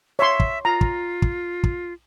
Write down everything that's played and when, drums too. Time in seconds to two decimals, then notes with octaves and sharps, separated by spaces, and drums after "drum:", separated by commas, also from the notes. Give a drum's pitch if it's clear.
0.19 C#5 E5 C6
0.40 drum: kick
0.65 F4 A#5
0.81 drum: kick
1.22 drum: kick
1.64 drum: kick